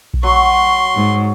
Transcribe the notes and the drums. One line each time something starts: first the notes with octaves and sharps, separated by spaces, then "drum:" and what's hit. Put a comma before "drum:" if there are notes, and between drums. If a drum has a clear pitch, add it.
drum: kick A#1
F#3 C6 C#6
G#2